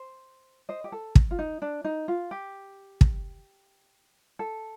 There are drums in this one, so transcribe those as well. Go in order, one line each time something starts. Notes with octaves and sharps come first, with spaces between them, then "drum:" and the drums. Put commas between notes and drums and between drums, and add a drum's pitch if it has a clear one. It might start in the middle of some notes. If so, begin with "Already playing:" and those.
Already playing: C5
C5 D#5
G4
A4
drum: kick
F4
D#4
D4
D#4
F4
G4
drum: kick
A4